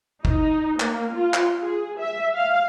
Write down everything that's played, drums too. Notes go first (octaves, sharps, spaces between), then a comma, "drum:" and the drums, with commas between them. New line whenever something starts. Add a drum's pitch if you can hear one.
D#4, drum: kick
A#3, drum: clap
F4
drum: clap
G#4
E5
F5